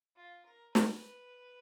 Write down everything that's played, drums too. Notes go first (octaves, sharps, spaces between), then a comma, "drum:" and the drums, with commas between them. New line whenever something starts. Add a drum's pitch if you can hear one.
F4
A#4
B4, drum: snare